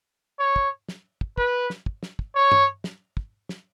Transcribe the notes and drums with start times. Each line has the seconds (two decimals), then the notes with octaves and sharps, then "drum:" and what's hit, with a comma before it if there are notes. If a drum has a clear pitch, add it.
0.39 C#5
0.56 drum: kick
0.89 drum: snare
1.21 drum: kick
1.38 B4, drum: kick
1.70 drum: snare
1.86 drum: kick
2.03 drum: snare
2.19 drum: kick
2.35 C#5
2.52 drum: tom
2.84 drum: snare
3.17 drum: kick
3.49 drum: snare